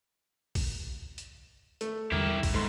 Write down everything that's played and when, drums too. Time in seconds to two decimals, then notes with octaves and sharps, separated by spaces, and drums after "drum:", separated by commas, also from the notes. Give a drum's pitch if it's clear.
0.55 drum: kick B1, open hi-hat
1.18 drum: hi-hat
1.81 A3, drum: hi-hat
2.12 E2 D3 G3 E4 G4 A#4
2.43 drum: kick B1, open hi-hat
2.54 G#2 A3 C6